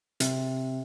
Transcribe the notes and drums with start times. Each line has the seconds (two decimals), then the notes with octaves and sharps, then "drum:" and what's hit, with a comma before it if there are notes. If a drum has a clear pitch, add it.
0.20 C3, drum: hi-hat